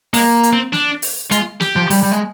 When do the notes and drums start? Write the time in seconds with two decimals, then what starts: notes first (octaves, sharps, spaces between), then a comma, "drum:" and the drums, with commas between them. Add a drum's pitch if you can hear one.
0.14 G#3 A#3, drum: open hi-hat
0.43 drum: hi-hat
0.53 C4
0.73 D4, drum: snare
1.02 drum: open hi-hat
1.31 G#3 F4, drum: hi-hat
1.60 G4, drum: snare
1.76 F3
1.90 G3, drum: open hi-hat
2.03 G3
2.12 G#3